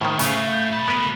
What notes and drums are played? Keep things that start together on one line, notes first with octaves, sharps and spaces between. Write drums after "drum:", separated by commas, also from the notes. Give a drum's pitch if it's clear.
D#2 A2 D#3 C5
A2 C#3 A3 F5, drum: hi-hat
G6
B1 A5 B5
A3 B3 F#4 A#4 B4